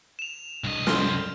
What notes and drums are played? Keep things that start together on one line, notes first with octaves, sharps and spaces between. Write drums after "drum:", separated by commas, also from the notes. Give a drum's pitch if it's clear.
E7 F7
C2 G2 D#5
F#2 C4 C6 F6, drum: snare